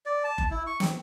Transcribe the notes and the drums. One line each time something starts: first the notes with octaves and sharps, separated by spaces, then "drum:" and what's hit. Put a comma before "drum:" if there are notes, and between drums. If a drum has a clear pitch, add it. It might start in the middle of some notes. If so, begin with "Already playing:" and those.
D5
A5
drum: kick F#1
E4
C#6
C4, drum: snare